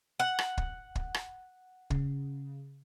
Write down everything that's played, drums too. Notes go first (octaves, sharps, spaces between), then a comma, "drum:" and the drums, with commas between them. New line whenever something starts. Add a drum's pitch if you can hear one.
F#5
drum: rim click
drum: kick
drum: kick
drum: rim click
C#3, drum: kick